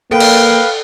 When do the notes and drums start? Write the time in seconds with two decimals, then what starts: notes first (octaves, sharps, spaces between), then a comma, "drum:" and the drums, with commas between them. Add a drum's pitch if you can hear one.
0.11 A#3 A4 B4 F5 G5
0.20 drum: cymbal